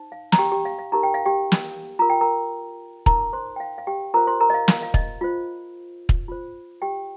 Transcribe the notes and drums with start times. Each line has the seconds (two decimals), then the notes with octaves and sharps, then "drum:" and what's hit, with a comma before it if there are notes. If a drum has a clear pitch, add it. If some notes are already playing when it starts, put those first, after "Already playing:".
Already playing: D#4 C5
0.12 F5
0.32 A#5, drum: snare
0.38 G4 G5
0.52 G4 G5
0.65 F5
0.79 F5
0.92 D#4 G4 A#4 A#5
1.03 G5
1.14 F5
1.26 G4 G5
1.52 drum: snare
1.99 F4 A#4 A#5
2.10 G5
2.21 A#4 A#5
3.06 D#4 A#4 A#5, drum: kick
3.33 C5 C6
3.56 G5
3.60 F5
3.78 F5
3.87 G4 G5
4.14 F4 A#4 C5 A#5
4.27 C5 C6
4.41 A#4 A#5
4.50 D#5
4.54 F5
4.68 F5, drum: snare
4.83 F5
4.94 D#5, drum: kick
5.21 F4 C5
6.09 drum: kick
6.28 F4 C5
6.82 G4 G5